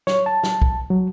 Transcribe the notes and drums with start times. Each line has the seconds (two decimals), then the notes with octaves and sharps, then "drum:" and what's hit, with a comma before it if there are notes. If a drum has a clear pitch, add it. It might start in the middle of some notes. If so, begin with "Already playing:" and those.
0.07 C#5, drum: snare
0.26 A5
0.43 drum: snare
0.62 drum: kick
0.90 F#3